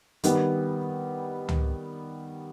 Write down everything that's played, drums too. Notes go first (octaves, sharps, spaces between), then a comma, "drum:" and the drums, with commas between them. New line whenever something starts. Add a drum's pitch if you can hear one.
D#3 G3 B3, drum: hi-hat
drum: tom C#2